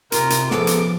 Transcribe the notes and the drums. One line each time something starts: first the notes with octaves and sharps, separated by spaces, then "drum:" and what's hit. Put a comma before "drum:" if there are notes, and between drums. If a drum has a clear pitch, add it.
C3 F4 G4 A#4 A#5, drum: hi-hat
drum: hi-hat
A#1 C#3 F3 B3 A4 B5 C6 D6, drum: snare
drum: hi-hat